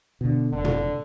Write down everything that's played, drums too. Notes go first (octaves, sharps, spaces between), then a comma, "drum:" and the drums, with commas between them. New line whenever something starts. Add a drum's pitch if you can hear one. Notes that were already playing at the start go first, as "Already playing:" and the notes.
B2 D3
F1 D3
drum: tom